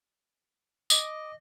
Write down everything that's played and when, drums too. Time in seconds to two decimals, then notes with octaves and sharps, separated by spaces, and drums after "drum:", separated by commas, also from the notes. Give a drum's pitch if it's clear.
0.90 D#5 D6 D#6, drum: tambourine